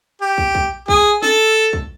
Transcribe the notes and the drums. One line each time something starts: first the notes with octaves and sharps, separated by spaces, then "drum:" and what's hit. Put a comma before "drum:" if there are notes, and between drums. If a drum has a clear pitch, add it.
G4
drum: kick
drum: kick
G#4, drum: kick
A4, drum: snare
drum: kick